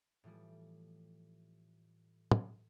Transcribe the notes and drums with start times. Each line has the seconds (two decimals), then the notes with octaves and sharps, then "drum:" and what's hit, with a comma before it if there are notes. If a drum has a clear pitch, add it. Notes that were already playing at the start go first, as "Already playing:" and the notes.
0.24 A2 E3 F3 G3
2.32 drum: tom